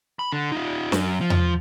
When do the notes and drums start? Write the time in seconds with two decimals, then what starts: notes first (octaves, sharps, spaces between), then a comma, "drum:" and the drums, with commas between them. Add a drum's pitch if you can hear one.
0.19 B5
0.33 D3
0.52 D#4 F4
0.92 F#2, drum: snare
1.21 F3
1.30 drum: tom E2